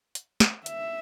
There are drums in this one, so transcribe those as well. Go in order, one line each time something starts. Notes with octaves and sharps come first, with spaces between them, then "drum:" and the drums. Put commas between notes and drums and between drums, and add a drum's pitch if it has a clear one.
drum: hi-hat
drum: snare
E5, drum: hi-hat